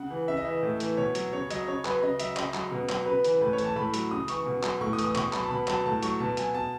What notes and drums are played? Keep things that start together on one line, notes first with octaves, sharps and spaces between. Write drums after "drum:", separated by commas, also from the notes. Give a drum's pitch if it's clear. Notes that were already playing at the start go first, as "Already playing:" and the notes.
Already playing: C#3 F#5
E3
C#3 E5
D#5
E3 E5
A2
E3, drum: hi-hat
B2 C#5
F#3, drum: hi-hat
C#3 C#5
F#3 D#5, drum: hi-hat
C#3 C#5
F#3 B4, drum: clap
C#3 D#5
F#3 E5, drum: hi-hat
C#3 D#5, drum: clap
F#3, drum: clap
B2
F#3, drum: clap
C#3 B4
E3, drum: hi-hat
A2 B4
C#5
E3, drum: hi-hat
A5
A2 B5
F#3, drum: hi-hat
C#3 D#6
E3 C#6, drum: hi-hat
B2
F#3, drum: clap
A2 C#6
D#6
E3, drum: hi-hat
D#6
B2 C#6, drum: clap
F#3 B5, drum: clap
A5
B2 B5
F#3 A5, drum: clap
A2 A5
F#3 C#6, drum: hi-hat
B2 A5
F#3 G#5, drum: hi-hat
B2 A5